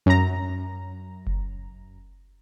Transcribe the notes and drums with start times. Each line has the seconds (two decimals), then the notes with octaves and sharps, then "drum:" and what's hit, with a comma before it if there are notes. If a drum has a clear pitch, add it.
0.06 F#2 A#5
1.27 drum: kick F#1